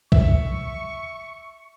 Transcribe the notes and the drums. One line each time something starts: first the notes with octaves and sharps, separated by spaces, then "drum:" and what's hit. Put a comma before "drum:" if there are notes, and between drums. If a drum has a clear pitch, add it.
E5 C#6, drum: kick